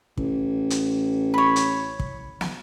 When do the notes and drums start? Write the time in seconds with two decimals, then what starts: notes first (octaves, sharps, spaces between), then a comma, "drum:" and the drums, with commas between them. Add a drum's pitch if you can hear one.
0.17 A1, drum: kick
0.70 drum: hi-hat
1.34 C#5 B5
1.56 drum: hi-hat
2.00 drum: kick
2.41 drum: snare